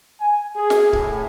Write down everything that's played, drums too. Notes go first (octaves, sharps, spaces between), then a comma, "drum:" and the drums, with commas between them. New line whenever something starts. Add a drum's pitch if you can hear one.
G#5
G#4
drum: snare
A2, drum: kick C#1